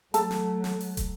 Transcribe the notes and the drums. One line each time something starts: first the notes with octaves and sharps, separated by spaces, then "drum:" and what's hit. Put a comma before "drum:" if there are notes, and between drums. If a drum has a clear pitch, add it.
F#3 A3 A4 A5, drum: hi-hat
drum: snare
drum: snare
drum: open hi-hat
drum: kick, hi-hat